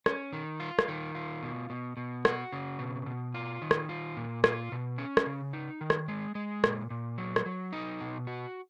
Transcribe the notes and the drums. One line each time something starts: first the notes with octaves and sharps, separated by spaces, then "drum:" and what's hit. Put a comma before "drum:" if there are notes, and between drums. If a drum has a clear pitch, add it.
C#4, drum: rim click
D#3
F4
drum: rim click
D#3
F4
B2
B2
B2
F#4, drum: rim click
C#3
B2
B2
F4
D#3
drum: rim click
F4
A#2
F4, drum: rim click
B2
C#4
drum: rim click
C#3
D#4
D#3
drum: rim click
G#3
G#3
A#2, drum: rim click
A#2
F#3
drum: rim click
F#3
D#4
B2
F#4